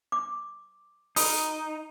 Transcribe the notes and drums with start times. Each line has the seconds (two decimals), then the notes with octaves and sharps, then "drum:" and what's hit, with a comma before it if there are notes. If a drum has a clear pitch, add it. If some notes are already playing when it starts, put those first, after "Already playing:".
0.12 D6
1.16 D#4 B5 D#6, drum: open hi-hat